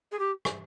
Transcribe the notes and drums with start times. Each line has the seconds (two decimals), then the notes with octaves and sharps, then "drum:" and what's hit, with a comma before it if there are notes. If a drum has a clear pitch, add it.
0.12 G#4
0.19 G4
0.45 drum: rim click